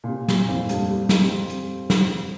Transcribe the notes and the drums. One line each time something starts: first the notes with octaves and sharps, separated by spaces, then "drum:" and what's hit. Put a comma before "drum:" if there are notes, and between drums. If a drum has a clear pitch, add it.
A#2
C3
A#2, drum: snare
F2
F2
G2, drum: hi-hat
G3
drum: snare
C4
drum: hi-hat
drum: snare